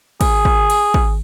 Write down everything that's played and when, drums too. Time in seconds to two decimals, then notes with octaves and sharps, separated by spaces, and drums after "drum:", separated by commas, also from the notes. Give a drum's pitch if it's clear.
0.21 G#4, drum: kick, cymbal
0.45 drum: kick
0.70 drum: cymbal
0.94 drum: kick